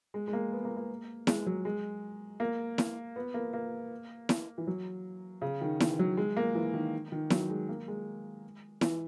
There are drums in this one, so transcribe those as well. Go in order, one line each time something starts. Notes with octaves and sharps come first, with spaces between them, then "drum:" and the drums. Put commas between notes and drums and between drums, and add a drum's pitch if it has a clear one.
G#3
G#3
A#3
B3
A#3
A#3
G#3, drum: snare E4
F#3
G#3
A#3
drum: snare E4
B3
A#3
A#3
drum: snare E4
E3
F#3
C#3
D#3
E3, drum: snare E4
F#3
G#3
A#3
E3
D#3
D#3
F#3, drum: snare E4
G#3
A#3
G#3
E3, drum: snare E4